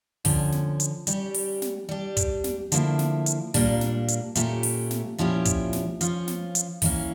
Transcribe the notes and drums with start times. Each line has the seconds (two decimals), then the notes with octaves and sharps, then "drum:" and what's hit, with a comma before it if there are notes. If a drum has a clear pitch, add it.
0.25 D3 F3 C#4, drum: kick, open hi-hat
0.52 drum: snare
0.80 drum: hi-hat
1.07 G3 C#4 G4, drum: hi-hat
1.34 drum: open hi-hat
1.62 drum: snare
1.89 G3 D4 G4
2.17 drum: kick, hi-hat
2.44 drum: snare
2.72 D3 F3 A#3 E4, drum: hi-hat
2.99 drum: snare
3.26 drum: hi-hat
3.54 A#2 G3 A#3 D4, drum: kick, open hi-hat
3.81 drum: snare
4.08 drum: hi-hat
4.35 A#2 A3 C#4 G4, drum: hi-hat
4.63 drum: open hi-hat
4.91 drum: snare
5.18 A#2 F3 C#4 E4 G4
5.45 drum: kick, hi-hat
5.73 drum: snare
6.01 F3 C#4 F4, drum: hi-hat
6.28 drum: snare
6.55 drum: hi-hat
6.82 E3 G3 A#3 C#4, drum: kick, open hi-hat